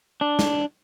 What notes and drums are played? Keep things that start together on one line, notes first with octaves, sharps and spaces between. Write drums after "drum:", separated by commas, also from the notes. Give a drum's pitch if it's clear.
D4
drum: snare